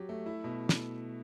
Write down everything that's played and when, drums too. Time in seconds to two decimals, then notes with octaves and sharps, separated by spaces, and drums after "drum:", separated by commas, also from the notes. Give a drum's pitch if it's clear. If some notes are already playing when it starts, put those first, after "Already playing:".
Already playing: F#3 G4
0.09 A3
0.26 E4
0.44 B2
0.69 drum: snare